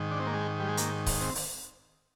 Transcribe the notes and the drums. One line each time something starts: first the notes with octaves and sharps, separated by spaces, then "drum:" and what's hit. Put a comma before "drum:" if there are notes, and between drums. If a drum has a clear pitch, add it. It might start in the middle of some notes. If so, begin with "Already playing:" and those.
Already playing: G#2 D#3
D4
C4
A#3
G#3
G3
G#3
A#3, drum: hi-hat
drum: kick C#1, open hi-hat
C4
drum: open hi-hat